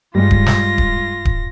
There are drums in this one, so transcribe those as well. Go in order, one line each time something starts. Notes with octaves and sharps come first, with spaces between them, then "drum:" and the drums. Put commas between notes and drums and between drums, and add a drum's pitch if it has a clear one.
G2 G3 G#3 F4 A#6
drum: kick D1
drum: snare
drum: kick D1
drum: kick D1